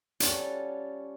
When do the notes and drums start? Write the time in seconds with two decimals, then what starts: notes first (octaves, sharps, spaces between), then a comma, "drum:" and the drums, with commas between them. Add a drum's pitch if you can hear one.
0.20 G3 C#4 F4 F#4 A4, drum: hi-hat